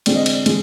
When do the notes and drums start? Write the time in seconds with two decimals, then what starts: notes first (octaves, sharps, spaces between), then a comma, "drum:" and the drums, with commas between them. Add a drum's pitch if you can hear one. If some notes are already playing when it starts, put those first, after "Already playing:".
0.06 D3 G#3 C4 D5, drum: cymbal
0.16 D#5
0.26 D5, drum: cymbal
0.46 D3 G#3, drum: cymbal